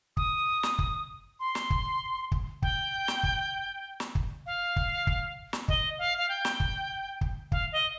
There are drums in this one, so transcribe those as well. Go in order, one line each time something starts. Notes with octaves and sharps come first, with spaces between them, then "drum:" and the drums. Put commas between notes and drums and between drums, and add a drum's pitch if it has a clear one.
D#6, drum: kick
drum: snare
drum: kick
C6
drum: snare
drum: kick
drum: kick
G5, drum: kick
drum: snare
drum: kick
drum: snare
drum: kick
F5
drum: kick
drum: kick
drum: snare
D#5, drum: kick
F5
F5
G5
drum: snare
drum: kick
drum: kick
F5, drum: kick
D#5